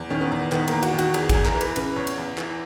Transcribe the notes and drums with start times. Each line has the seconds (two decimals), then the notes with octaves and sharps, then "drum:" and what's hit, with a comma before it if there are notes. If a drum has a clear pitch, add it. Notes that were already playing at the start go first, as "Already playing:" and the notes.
Already playing: E2
0.10 D#3 C#4
0.21 B3
0.32 E2
0.52 D#3 B3, drum: clap
0.68 E2 A#3, drum: cymbal
0.83 F#4, drum: cymbal
0.93 D#3
0.99 F#4, drum: cymbal
1.14 E2 G#4, drum: cymbal
1.29 G#4, drum: kick, cymbal
1.34 E2
1.45 A#4, drum: clap
1.55 E3
1.61 B4, drum: cymbal
1.76 C#3 B4, drum: cymbal
1.96 E2 C#5
2.07 drum: cymbal
2.18 E2
2.38 E3, drum: clap